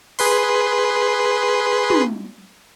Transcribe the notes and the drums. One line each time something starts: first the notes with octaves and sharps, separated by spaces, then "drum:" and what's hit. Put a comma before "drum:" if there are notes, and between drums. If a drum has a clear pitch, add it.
G#4 B4 C6, drum: open hi-hat
drum: tom